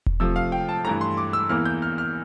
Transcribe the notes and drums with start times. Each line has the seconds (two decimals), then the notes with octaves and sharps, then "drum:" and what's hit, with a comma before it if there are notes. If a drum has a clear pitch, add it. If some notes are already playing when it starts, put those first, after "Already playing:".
0.06 drum: kick E1
0.20 C3 F3 A3 E6
0.36 F5
0.52 G5
0.69 A5
0.85 G2 E3 A3 A#5
1.01 C6
1.17 D6
1.33 E6
1.49 E2 E3 A#3 F6
1.66 G6
1.82 F6
1.98 F6